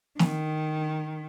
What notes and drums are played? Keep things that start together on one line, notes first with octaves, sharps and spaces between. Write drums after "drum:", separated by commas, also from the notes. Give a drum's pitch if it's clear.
D#3, drum: snare